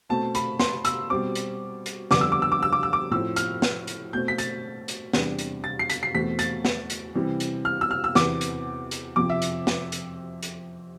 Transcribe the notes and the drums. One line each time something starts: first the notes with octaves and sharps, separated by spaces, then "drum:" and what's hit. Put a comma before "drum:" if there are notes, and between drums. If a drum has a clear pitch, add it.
B2 A3 C4 A5
B5, drum: hi-hat
C6, drum: snare
E6, drum: hi-hat
B2 G3 C4 D6
drum: hi-hat
drum: hi-hat
F2 D3 G3 B3 D4 D6, drum: snare
E6
D6
E6
D6
E6
D6
E6
D6
A2 F3 C4 E6
F6, drum: hi-hat
drum: snare
drum: hi-hat
B2 A3 C4 G6
B6
A6, drum: hi-hat
drum: hi-hat
E2 C3 G3 D4, drum: snare
drum: hi-hat
A6
C7
B6, drum: hi-hat
C7
E2 B2 A3 C4 B6
A6, drum: hi-hat
drum: snare
drum: hi-hat
C3 E3 G3
drum: hi-hat
F6
E6
F6
E6
E2 C3 E3 B3 D6, drum: snare
drum: hi-hat
drum: hi-hat
F2 C3 F3 D6
E5
drum: hi-hat
drum: snare
drum: hi-hat
drum: hi-hat